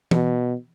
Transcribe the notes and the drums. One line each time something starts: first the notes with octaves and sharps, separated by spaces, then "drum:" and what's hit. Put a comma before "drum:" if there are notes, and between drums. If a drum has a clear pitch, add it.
B2, drum: tom